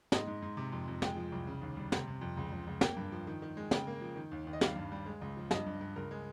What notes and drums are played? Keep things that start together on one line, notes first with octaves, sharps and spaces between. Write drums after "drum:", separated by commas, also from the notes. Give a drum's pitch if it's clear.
G#2 D#5, drum: snare
G#2
G#2
C3
F2
F2
G#3 G5, drum: snare
F3
C2
C#3
D#2
G3
C3, drum: snare
C3
F2
C#2
C#2
C#2
A#3 G5, drum: snare
G2
F3
D#3
D#3
G#3
C#3 G5, drum: snare
A#3
F3
D#3
D#2
D#2
D#5
G3 F5, drum: snare
G2
G3
G#3
C#2
F3
G2 D#5, drum: snare
G2
G2
C#2 A#4
G#3